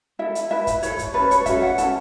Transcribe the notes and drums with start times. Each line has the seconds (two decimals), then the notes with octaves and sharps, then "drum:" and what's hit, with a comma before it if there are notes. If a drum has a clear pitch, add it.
0.19 E4 A4 E5
0.35 drum: hi-hat
0.51 E4 B4 E5
0.67 drum: kick, hi-hat
0.83 E4 A4 C#5, drum: hi-hat
0.99 drum: kick, hi-hat
1.14 C#4 A4 B4
1.31 C#5, drum: hi-hat
1.46 C#4 F#4 A4 E5, drum: kick, hi-hat
1.62 F#5
1.78 C#4 E4 A4 A5, drum: hi-hat